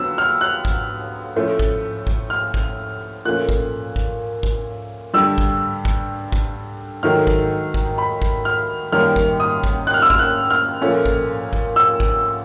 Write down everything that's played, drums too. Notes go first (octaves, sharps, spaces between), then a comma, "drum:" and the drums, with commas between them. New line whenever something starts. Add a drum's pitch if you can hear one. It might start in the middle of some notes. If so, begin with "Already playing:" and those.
Already playing: D3 F#3 B3 E6
F6
F#6
drum: kick
A2 F3 A3 C#4
drum: kick
drum: kick
F6
drum: kick
A#2 F3 A3 C#4 F#6
drum: kick
drum: kick
drum: kick
G2 D3 G3 E6
drum: kick
drum: kick
drum: kick
G#2 D#3 F#3 A3 F6
drum: kick
drum: kick
B5
drum: kick
F6
F#2 D#3 G3 A#3 C#4 F6
drum: kick
D#6
drum: kick
F#6
F6
E6
F6, drum: kick
F#6
F6
A#2 F3 A3 C#4
drum: kick
drum: kick
E6
drum: kick